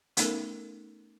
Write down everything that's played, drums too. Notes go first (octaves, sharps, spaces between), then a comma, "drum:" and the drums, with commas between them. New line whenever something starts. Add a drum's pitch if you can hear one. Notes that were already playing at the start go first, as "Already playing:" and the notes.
A3 B3 C#4 D#4 A4 A#4, drum: hi-hat